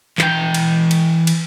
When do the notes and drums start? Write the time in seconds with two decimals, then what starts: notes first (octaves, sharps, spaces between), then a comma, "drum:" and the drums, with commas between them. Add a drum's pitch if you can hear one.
0.18 E3 G5, drum: clap
0.54 drum: cymbal
0.91 drum: cymbal
1.27 drum: cymbal